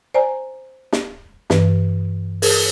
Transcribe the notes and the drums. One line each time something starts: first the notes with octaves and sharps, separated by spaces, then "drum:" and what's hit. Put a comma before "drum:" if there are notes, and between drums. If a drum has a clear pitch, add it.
C5 D5 G#5 A#5
drum: snare
G2 E3 B4, drum: snare
G#4 A#4, drum: open hi-hat